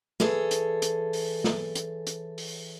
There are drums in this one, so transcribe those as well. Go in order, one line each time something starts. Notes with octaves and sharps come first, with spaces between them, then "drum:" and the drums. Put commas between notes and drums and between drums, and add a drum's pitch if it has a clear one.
E3 G#4 A4 C#5, drum: snare
drum: hi-hat
drum: hi-hat
drum: open hi-hat
drum: snare
drum: hi-hat
drum: hi-hat
drum: open hi-hat